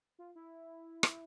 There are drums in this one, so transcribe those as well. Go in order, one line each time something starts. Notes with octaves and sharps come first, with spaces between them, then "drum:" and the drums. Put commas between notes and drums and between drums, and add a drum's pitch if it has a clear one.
F4
E4
drum: rim click